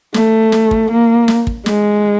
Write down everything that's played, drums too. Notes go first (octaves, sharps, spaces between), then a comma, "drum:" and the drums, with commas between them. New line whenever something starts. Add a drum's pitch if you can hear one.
A3, drum: snare
drum: snare
drum: kick
A#3
drum: snare
drum: kick
G#3, drum: snare